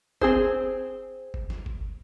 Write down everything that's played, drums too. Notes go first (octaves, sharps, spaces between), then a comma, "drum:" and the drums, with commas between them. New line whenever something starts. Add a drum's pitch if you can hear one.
C4 G#4 C5, drum: kick G1
drum: kick G1
drum: snare
drum: kick G1